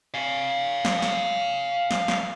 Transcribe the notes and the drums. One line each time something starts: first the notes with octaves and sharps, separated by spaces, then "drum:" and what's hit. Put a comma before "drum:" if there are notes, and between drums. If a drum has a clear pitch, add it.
F5 G#5
drum: snare
drum: snare
drum: snare
drum: snare